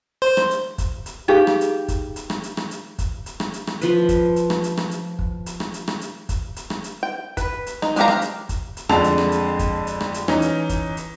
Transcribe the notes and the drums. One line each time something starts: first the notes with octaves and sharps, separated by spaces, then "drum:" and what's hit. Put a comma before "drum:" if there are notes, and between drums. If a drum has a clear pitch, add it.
C5
drum: rim click
drum: hi-hat
drum: kick, hi-hat
drum: hi-hat
D#4 G4 G#4 F5
drum: rim click
drum: hi-hat
drum: kick, hi-hat
drum: hi-hat
drum: rim click
drum: hi-hat
drum: rim click
drum: hi-hat
drum: kick, hi-hat
drum: hi-hat
drum: rim click
drum: hi-hat
drum: rim click
F3 B4, drum: hi-hat
drum: kick, hi-hat
drum: hi-hat
drum: rim click
drum: hi-hat
drum: rim click
drum: hi-hat
drum: kick
drum: hi-hat
drum: rim click
drum: hi-hat
drum: rim click
drum: hi-hat
drum: kick, hi-hat
drum: hi-hat
drum: rim click
drum: hi-hat
G5
B4, drum: kick, hi-hat
drum: hi-hat
D#4, drum: rim click
G#3 D4 G4 F5 A#5, drum: hi-hat
drum: rim click
drum: hi-hat
drum: kick, hi-hat
drum: hi-hat
F2 D3 G#3 A5 F7, drum: rim click
drum: hi-hat
drum: rim click
drum: hi-hat
drum: kick, hi-hat
drum: hi-hat
drum: rim click
drum: hi-hat
E3 C#4 D#4, drum: rim click
drum: hi-hat
drum: kick, hi-hat
drum: hi-hat